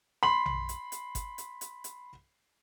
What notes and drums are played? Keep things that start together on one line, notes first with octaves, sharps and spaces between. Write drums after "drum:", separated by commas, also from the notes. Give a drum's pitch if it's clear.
B5 C6 F#7
drum: tom A#1
drum: hi-hat
drum: hi-hat
drum: kick G1, hi-hat
drum: hi-hat
drum: hi-hat
drum: hi-hat